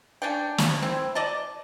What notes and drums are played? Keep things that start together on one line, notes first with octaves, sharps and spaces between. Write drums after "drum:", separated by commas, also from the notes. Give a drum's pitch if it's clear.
C#4 D4 G5
drum: snare
C4 E4
D5 D#5 A5